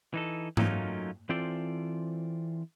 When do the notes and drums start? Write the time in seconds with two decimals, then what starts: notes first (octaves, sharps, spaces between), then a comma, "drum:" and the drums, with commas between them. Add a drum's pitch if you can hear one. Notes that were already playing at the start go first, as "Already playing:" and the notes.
0.14 E3 D#4 A4
0.57 F#3 A3 A#3 C#4 D#4 F4, drum: tom G#2
1.29 E3 C4 F4 A4 C5 D5